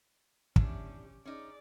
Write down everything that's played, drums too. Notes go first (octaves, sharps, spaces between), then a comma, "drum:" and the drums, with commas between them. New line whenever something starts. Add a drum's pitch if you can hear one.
E2 C#4 D4 G4, drum: kick
C#4 D#4 G#4 D5